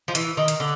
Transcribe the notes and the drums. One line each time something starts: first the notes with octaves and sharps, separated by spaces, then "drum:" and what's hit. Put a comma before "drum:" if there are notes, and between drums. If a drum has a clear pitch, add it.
F3
E3, drum: hi-hat
D#3
drum: hi-hat
D3